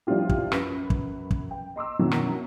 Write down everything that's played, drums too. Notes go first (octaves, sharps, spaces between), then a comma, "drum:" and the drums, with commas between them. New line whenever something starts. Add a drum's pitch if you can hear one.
F3 G3 D4 E4 F4 G4
drum: kick
F#2 B4, drum: rim click
drum: kick
drum: kick
G5
D#5 C6 D6 E6
F#2 B2 D#3 E3 F#3
drum: rim click